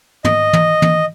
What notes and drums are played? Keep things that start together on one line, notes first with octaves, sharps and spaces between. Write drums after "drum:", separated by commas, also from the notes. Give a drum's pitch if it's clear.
D#5, drum: tom
drum: tom
drum: tom